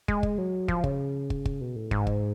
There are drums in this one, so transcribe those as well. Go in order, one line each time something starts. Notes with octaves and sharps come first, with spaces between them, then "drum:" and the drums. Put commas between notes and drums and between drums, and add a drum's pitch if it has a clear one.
G#3, drum: kick
drum: kick
F#3
F3, drum: kick
C#3, drum: kick
drum: kick
drum: kick
B2
A2
G#2, drum: kick
drum: kick